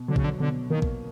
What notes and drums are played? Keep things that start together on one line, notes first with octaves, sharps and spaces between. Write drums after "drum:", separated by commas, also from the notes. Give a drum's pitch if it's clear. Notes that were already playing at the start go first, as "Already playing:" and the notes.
Already playing: B2
D3 F#3
C#3, drum: kick A1
D3
B2 D3
D#3 A#3
drum: kick A1